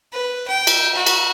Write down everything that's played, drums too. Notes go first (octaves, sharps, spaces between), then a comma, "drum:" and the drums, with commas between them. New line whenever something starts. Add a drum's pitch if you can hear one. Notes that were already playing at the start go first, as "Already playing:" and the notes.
B4
G5
drum: cymbal
F#4
drum: cymbal